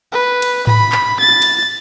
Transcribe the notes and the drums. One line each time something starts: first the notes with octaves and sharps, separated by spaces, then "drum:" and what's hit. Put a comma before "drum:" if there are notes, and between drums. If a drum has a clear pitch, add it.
B4
drum: cymbal
B5, drum: tom G#2
drum: clap
A6
drum: cymbal